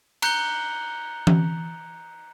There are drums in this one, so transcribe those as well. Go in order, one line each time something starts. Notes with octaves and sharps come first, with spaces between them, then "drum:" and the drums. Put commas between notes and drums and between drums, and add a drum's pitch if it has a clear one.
A#5 F#6 G6 C#7 G7, drum: cymbal
drum: tom E3